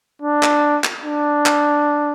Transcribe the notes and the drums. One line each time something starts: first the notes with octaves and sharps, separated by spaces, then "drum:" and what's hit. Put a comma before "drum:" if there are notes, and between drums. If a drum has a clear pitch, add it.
D4
drum: clap
drum: clap
D4
drum: clap